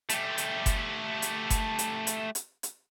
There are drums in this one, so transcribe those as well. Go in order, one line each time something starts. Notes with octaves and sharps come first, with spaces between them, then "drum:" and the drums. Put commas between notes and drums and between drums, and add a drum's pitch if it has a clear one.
A3 G4, drum: hi-hat
drum: hi-hat
drum: kick F#1, hi-hat
drum: hi-hat
drum: kick F#1, hi-hat
drum: hi-hat
drum: hi-hat
drum: hi-hat
drum: hi-hat